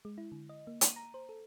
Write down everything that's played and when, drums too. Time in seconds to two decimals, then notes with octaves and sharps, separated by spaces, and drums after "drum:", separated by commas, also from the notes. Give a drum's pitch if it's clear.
0.05 G#3
0.18 E4
0.32 D3
0.49 D#5
0.67 A#3
0.81 D#7, drum: hi-hat
0.96 A#5
1.14 C5
1.29 A4